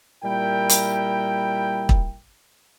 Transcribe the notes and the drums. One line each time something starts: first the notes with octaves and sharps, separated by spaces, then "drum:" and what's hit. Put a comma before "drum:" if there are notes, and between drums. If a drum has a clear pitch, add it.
A#2 G3 E4 A#4 G5
drum: hi-hat
drum: kick